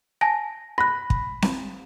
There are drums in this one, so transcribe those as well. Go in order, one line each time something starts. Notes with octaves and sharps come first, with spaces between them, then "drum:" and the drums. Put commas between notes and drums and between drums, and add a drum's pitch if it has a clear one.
G#5 A5 A#6
B5 F#6 A#6
drum: kick
drum: snare C4